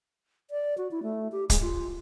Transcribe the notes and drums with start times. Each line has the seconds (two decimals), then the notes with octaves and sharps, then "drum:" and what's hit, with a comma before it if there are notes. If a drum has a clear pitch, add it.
0.51 D5
0.78 F#4
0.91 E4
1.03 A3
1.32 G4
1.50 G#3, drum: kick, hi-hat
1.61 F4